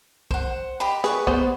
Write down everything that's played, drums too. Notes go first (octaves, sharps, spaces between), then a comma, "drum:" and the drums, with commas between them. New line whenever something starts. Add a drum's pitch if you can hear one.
C5 F#5, drum: kick
G4 D#5 B5
G#4 B4 C#6, drum: hi-hat
B3 C5, drum: kick